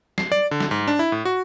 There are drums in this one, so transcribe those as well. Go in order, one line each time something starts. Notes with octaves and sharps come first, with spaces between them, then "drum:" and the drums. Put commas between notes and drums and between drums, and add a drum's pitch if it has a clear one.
C7, drum: snare
D5
D3
drum: snare
G#2
D4
E4
A2
F#4